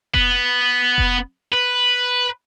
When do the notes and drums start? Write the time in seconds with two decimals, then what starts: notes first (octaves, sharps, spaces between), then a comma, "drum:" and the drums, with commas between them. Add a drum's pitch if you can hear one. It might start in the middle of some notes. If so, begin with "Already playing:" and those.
0.14 B3, drum: kick F1
0.98 drum: kick F1
1.53 B4